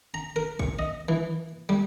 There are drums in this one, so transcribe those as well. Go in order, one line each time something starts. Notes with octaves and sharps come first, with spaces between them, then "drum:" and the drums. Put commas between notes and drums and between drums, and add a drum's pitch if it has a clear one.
A#5
A#4
C#6, drum: kick
D#5
E3
G3